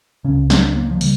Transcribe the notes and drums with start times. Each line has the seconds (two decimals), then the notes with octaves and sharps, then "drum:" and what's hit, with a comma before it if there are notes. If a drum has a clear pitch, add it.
0.25 C#2 C#3 C#4
0.50 D4, drum: snare
0.76 A#3
0.91 F3
1.01 C#3 G3, drum: open hi-hat